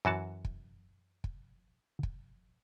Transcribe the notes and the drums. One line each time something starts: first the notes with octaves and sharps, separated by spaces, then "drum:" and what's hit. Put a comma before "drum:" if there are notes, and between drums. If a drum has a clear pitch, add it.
F#2 E3 F#4 A5
drum: kick
drum: kick
drum: kick